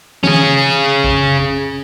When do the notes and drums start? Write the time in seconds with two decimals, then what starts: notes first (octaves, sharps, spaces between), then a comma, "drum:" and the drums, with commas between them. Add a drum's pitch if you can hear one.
0.23 C#4 G#4, drum: tom D#3
1.04 drum: kick